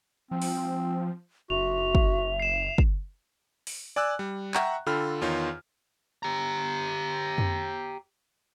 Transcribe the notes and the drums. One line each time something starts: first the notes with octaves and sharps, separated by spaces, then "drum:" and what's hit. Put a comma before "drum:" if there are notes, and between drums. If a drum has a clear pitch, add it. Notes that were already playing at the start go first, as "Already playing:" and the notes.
F3 C4
drum: open hi-hat
F#1 F#4 E5 F7
drum: kick
C7 E7
drum: kick
drum: open hi-hat
D5 G#5 D6 E6 F#6
G3
E5 F#5 G5 A#5 C#6, drum: clap
D3 F4 A4 G5 B5 F6
E2 D#3 F4 C#5 F5
G4 A#5
drum: tom F2